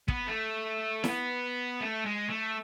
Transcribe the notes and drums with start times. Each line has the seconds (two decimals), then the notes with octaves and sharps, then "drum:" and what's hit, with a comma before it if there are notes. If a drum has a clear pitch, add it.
0.08 B3, drum: kick
0.27 A3
1.04 B3, drum: snare E4
1.80 A3
2.06 G#3
2.30 A3